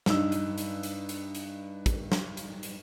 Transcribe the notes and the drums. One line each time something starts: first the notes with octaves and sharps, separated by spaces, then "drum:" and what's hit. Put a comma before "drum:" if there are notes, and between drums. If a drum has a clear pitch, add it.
G2 D#4 E6, drum: snare
drum: hi-hat
drum: hi-hat
drum: hi-hat
drum: hi-hat
drum: hi-hat
drum: kick, hi-hat
drum: snare
drum: hi-hat
drum: hi-hat